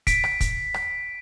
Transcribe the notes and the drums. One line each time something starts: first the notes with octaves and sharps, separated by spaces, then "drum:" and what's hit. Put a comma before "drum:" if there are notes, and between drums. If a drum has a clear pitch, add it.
B6 D7, drum: kick, hi-hat
drum: rim click
drum: kick, hi-hat
drum: rim click